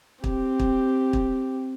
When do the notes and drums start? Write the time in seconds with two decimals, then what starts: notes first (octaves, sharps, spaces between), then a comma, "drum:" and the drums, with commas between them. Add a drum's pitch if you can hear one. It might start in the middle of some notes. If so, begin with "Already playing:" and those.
0.24 C4 G4, drum: kick
0.60 drum: kick
1.13 drum: kick